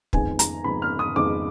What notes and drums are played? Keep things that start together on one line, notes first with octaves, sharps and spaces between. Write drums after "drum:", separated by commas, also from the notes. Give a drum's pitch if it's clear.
F2 D#3 G#3 B3 G#5, drum: kick
A#5, drum: hi-hat
F2 D#3 G#3 B3 B5
F6
D#6
F2 D#3 G#3 B3 D6